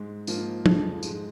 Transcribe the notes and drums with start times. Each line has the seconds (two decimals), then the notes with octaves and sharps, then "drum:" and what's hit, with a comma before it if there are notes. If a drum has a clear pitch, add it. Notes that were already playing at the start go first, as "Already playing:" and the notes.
Already playing: G#2 G#3
0.27 G#2 F3 A#3 F4, drum: tambourine
0.66 F2 C#3 F3, drum: tom
1.03 G#2 G#3, drum: tambourine